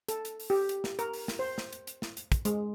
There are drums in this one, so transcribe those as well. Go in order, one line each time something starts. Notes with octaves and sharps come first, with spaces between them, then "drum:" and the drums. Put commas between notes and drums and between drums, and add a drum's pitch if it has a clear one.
A4, drum: hi-hat
drum: hi-hat
drum: open hi-hat
G4
drum: hi-hat
drum: snare
A#4, drum: hi-hat
drum: open hi-hat
drum: snare
C5
drum: snare
drum: hi-hat
drum: hi-hat
drum: snare
drum: hi-hat
drum: kick, hi-hat
G#3, drum: hi-hat